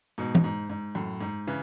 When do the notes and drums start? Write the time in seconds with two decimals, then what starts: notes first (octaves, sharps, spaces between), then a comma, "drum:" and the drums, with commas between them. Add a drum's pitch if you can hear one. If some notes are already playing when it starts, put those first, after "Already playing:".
0.18 G#2 B2
0.35 drum: tom
0.44 G#2
0.70 G#2
0.95 F#2 A2
1.21 G#2
1.47 C#3 E3